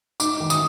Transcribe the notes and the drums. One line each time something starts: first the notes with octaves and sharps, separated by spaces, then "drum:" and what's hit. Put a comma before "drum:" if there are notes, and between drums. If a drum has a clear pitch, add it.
D#4 D6, drum: tambourine
D#3
D#6, drum: tambourine